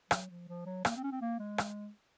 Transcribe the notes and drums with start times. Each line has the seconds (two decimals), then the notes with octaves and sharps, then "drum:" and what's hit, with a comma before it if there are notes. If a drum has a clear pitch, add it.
0.11 F#3, drum: rim click
0.30 F3
0.48 F3
0.66 F#3
0.85 A#3, drum: rim click
0.97 C4
1.03 C#4
1.12 C4
1.21 A#3
1.39 G#3
1.58 drum: rim click